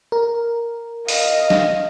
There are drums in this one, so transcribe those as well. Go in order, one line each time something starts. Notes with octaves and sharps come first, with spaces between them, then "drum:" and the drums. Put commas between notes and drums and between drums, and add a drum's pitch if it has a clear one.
A#4
D#5 F5, drum: open hi-hat
drum: snare